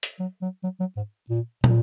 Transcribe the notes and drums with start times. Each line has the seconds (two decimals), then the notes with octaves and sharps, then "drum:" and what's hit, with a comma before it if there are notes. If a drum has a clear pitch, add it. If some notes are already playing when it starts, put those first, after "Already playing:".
0.03 drum: hi-hat
0.20 F#3
0.42 F#3
0.64 F#3
0.80 F#3
0.97 G#2
1.30 A#2
1.64 A#2, drum: tom